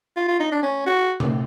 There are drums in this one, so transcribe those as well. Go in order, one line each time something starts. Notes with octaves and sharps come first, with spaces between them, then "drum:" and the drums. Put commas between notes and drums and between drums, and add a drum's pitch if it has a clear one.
F4
F4
D#4
D4
C#4
F#4
drum: tom C3